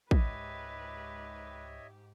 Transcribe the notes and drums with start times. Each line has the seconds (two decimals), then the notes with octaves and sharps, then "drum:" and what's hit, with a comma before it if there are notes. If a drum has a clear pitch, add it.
0.11 C#2 G#2 G4 B4 C#5 D#5 E5, drum: kick